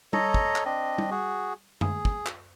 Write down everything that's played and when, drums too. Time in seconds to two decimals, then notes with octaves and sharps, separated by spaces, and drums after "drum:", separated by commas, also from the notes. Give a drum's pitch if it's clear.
0.13 A4 C#5 D#5 A#5, drum: tom G3
0.34 drum: kick
0.56 drum: clap
0.65 C4 D4 D#5
0.98 drum: tom G3
1.11 F#4 G#4
1.81 G#4, drum: tom F#2
2.05 drum: kick
2.26 drum: clap